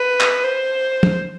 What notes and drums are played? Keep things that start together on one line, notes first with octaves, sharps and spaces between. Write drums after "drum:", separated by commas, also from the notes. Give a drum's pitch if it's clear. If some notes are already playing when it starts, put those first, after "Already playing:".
Already playing: B4
drum: clap
C5
drum: tom